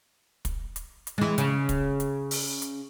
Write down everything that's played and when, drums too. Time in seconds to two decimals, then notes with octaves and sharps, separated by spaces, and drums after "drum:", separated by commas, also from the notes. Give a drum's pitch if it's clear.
0.45 drum: kick, hi-hat
0.76 drum: hi-hat
1.07 drum: hi-hat
1.18 E3 G#3
1.38 C#3, drum: hi-hat
1.69 drum: kick, hi-hat
2.00 drum: hi-hat
2.31 drum: open hi-hat
2.62 drum: hi-hat